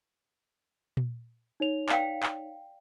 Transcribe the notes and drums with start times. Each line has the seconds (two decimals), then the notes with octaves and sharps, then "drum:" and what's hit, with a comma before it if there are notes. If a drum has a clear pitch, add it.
0.97 drum: tom A#2
1.60 D#4 C#5 F7
1.89 D5 F5 G5, drum: clap
2.23 drum: clap